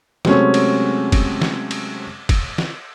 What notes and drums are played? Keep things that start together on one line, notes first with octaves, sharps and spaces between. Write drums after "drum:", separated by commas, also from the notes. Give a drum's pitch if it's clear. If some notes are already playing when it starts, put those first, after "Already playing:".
C3 F#3 G#3 A3 C4 C#4, drum: snare
drum: cymbal
drum: kick, cymbal
drum: snare
drum: cymbal
drum: kick, cymbal
drum: snare